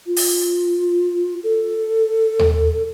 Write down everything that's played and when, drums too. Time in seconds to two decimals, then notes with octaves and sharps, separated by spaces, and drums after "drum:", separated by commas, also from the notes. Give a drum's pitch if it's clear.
0.07 F4
0.16 drum: open hi-hat
1.43 A4
2.39 drum: tom D#2